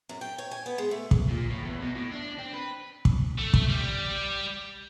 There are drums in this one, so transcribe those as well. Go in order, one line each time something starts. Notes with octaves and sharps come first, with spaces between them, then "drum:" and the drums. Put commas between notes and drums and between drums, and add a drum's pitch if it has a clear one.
F#2
G5
C#5
G#5
B3
G#3
A3
drum: kick
A#2
A2
E2
B2
A2
D4
C4
B4
drum: kick
A3
drum: kick
G3